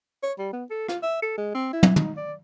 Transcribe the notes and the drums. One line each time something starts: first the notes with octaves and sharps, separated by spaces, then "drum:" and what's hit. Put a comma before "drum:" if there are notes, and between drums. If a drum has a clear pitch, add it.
C#5
G3
B3
A4
F4, drum: rim click
E5
A4
G#3
C4
E4
drum: tom
D#4, drum: tom
D5